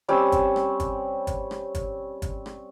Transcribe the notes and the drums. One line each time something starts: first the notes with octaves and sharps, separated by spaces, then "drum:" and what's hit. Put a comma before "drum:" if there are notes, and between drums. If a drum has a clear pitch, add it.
G3 C4 C#4 E6
drum: kick, hi-hat
drum: rim click
drum: kick, hi-hat
drum: kick, hi-hat
drum: rim click
drum: kick, hi-hat
drum: kick, hi-hat
drum: rim click